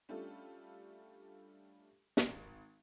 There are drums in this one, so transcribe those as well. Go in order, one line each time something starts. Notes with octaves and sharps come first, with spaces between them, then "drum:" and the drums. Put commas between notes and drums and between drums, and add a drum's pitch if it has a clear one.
G3 A3 C#4 D4 F4 A4
G#1, drum: snare